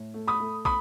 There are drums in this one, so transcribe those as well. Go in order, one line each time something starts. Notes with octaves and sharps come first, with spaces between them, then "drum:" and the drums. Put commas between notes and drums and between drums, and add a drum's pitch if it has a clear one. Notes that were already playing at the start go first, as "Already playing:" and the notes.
Already playing: A2
A3
B5 D#6
A3
B5 D#6, drum: kick